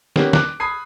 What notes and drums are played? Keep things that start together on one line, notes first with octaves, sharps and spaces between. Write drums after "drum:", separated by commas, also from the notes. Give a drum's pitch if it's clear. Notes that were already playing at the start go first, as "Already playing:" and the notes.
D#3 A#3 B3 C#4 G4 C#5, drum: snare
D6 F#6, drum: snare
B5 D#6 G#6 C7